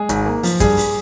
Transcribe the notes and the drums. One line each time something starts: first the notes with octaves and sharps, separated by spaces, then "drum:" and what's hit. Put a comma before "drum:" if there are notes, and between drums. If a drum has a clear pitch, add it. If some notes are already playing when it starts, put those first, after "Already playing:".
Already playing: G#3 G#4
G#1, drum: hi-hat
A#3
F3, drum: open hi-hat
G2 G#4, drum: kick, hi-hat
drum: open hi-hat